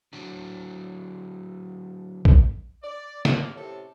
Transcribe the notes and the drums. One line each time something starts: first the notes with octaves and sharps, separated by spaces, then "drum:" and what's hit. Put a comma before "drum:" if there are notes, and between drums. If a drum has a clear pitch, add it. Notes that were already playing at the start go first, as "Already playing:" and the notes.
D3 F#3
drum: kick
D5
C3 A#3 F4 C#5 D5 E5, drum: snare
A2 C3 C#4 A4